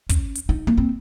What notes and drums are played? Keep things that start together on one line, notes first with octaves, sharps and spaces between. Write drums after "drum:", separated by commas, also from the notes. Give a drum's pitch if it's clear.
C#4, drum: kick, hi-hat
drum: hi-hat
D#4
A#3
C4